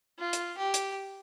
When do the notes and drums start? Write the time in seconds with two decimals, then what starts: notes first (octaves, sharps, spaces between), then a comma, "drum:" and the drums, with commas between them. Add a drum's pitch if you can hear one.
0.19 F4
0.33 drum: hi-hat
0.58 G4
0.74 drum: hi-hat